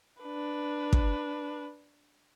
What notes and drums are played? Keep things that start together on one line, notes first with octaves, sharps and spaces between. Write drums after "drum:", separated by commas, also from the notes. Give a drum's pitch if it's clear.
D4 B4
drum: kick